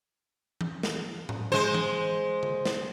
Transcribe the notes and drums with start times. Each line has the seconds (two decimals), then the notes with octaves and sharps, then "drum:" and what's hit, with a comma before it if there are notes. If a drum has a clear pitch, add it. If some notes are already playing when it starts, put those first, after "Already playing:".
0.61 drum: tom E3
0.83 drum: snare
1.29 drum: tom A2
1.52 G#3 C5
1.74 drum: tom E3
2.43 drum: tom D3
2.65 drum: snare